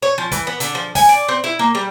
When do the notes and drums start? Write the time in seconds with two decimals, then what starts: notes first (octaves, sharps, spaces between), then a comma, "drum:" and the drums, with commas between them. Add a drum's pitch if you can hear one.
0.02 C#5
0.18 F3
0.32 E3, drum: kick, hi-hat
0.47 B3
0.60 D3, drum: hi-hat
0.75 F3
0.95 G#5, drum: kick, open hi-hat
1.09 D5
1.29 C4
1.44 E4
1.59 A#3
1.75 G3